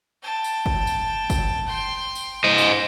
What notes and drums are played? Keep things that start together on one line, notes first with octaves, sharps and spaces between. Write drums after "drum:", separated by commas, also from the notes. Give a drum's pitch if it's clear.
G5 A5
drum: tambourine
drum: kick
drum: tambourine
drum: kick, tambourine
G5 C6
drum: tambourine
C5 D#5
drum: tambourine